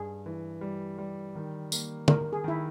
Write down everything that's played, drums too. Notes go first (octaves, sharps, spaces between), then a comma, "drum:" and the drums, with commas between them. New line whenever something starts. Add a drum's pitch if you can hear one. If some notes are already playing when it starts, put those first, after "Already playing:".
Already playing: G2 G#4
E3
G3
G3
D#3
A#3, drum: tambourine
D#3 A#4, drum: tom
G#4
D#3 E4